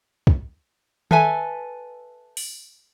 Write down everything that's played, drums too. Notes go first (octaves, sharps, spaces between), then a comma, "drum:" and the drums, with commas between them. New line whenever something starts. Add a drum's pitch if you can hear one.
drum: kick
A4 B4 E5 G#5, drum: tom D#3
drum: open hi-hat